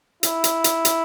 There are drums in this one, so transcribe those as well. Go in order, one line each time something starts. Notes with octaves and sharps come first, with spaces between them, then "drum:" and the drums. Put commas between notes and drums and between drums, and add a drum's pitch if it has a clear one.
E4, drum: hi-hat
drum: hi-hat
drum: hi-hat
drum: hi-hat